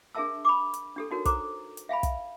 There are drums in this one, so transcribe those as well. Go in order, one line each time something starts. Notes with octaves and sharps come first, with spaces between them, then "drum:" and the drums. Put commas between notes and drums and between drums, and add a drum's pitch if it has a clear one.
D4 G#4 A#4 E5 A5 E6
B5 D6
drum: hi-hat
D4 G4 A4
D#4 F#4 A#4 C#5
A4 C5 A#5 D6, drum: kick, hi-hat
drum: hi-hat
E5 F5 G#5 B5
drum: kick, hi-hat